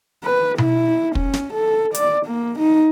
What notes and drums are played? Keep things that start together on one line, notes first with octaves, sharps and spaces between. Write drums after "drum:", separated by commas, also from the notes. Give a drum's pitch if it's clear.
B4
E4, drum: tom B2
C#4, drum: kick
drum: snare
A4
D5, drum: hi-hat
A#3
D#4